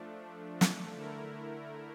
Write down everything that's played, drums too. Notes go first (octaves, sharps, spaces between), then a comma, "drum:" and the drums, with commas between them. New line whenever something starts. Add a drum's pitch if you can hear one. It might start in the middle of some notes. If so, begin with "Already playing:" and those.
Already playing: F3 A3 D4
drum: snare
D3 A3 E4 A#4